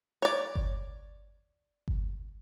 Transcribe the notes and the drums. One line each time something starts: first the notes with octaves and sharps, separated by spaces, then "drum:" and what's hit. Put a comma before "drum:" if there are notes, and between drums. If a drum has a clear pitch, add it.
C#5 D5
drum: kick G1
drum: kick G1